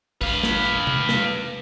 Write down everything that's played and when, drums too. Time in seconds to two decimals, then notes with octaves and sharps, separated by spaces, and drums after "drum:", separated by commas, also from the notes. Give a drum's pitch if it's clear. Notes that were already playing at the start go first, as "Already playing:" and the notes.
0.22 B4 F5, drum: kick, open hi-hat
0.43 drum: snare
0.65 drum: hi-hat
0.87 drum: tom C3
1.09 drum: snare